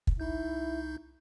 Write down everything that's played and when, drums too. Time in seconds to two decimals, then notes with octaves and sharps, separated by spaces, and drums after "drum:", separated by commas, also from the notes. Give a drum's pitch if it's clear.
0.07 drum: kick
0.20 C2 D#4 E4 G6